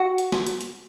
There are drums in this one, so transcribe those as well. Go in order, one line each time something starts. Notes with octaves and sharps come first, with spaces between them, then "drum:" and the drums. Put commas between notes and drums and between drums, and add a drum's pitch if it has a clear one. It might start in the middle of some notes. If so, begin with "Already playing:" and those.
Already playing: F#4
drum: hi-hat
drum: snare
drum: hi-hat
drum: hi-hat